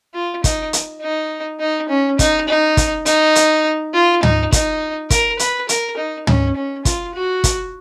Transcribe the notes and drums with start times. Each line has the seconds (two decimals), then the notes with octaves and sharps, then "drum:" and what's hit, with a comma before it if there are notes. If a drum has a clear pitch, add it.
0.14 F4
0.44 D#4, drum: kick, hi-hat
0.73 drum: hi-hat
1.02 D#4
1.60 D#4
1.89 C#4
2.19 D#4, drum: kick, hi-hat
2.48 D#4
2.77 drum: kick, hi-hat
3.06 D#4, drum: hi-hat
3.35 drum: hi-hat
3.94 F4
4.23 D#4, drum: tom
4.52 D#4, drum: kick, hi-hat
5.10 A#4, drum: kick, hi-hat
5.39 B4, drum: hi-hat
5.69 A#4, drum: hi-hat
5.97 D#4
6.27 C#4, drum: tom
6.56 C#4
6.85 F4, drum: kick, hi-hat
7.15 F#4
7.44 drum: kick, hi-hat